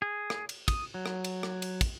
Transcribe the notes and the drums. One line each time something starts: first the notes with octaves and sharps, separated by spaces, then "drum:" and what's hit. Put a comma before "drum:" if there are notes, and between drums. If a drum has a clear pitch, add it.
G#4
drum: rim click
drum: cymbal
D#6, drum: kick, cymbal
F#3
drum: rim click
drum: cymbal
drum: rim click
drum: cymbal
drum: kick, cymbal